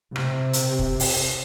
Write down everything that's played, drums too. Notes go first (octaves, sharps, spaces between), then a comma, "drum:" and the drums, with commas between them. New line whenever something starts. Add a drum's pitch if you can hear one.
C3, drum: rim click
drum: hi-hat
drum: kick
drum: open hi-hat